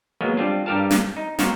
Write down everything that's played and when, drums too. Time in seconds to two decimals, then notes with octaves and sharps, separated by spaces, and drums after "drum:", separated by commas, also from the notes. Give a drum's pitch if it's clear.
0.21 F#3 G#3 A#3 B3
0.37 G3 C4 D4 F4
0.66 G2 G3 G4 A#4 F5 A5
0.91 drum: snare
1.17 D#4
1.39 A#3 C4 F#4 A#4 C5, drum: snare